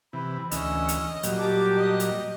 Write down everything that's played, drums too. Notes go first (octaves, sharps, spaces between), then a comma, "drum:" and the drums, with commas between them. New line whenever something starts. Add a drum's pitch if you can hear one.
C3 E3 B5
D2 E3 C#4 D#5 E6, drum: hi-hat
drum: hi-hat
A#2 F#3 G3, drum: hi-hat
G4 A5 D6
D#5
drum: hi-hat